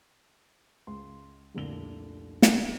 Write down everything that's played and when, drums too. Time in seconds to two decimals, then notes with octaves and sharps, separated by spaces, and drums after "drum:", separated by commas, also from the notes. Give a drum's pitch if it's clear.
0.87 C#2 C6
1.55 F1 C2 A#2 D3 F7 G7
2.42 drum: snare